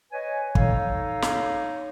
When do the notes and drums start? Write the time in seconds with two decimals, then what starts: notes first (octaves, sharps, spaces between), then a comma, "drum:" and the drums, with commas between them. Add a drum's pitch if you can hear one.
0.12 B4 C#5 D#5 G#5
0.55 D#4 A4 C#5 F5, drum: kick
1.22 drum: snare